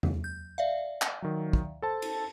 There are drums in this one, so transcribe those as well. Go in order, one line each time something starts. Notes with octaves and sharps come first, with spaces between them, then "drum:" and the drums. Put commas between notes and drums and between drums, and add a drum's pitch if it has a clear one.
drum: tom E2
G6
D5 E5 F5
drum: clap
D#3 F#3
drum: kick
A4 C5 A5
drum: cymbal